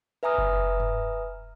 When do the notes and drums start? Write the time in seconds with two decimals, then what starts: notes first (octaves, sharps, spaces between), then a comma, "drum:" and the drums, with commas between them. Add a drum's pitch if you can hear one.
0.23 B4 E5 G#5 A#5 D#6 F6
0.38 drum: kick F#1
0.80 drum: tom G2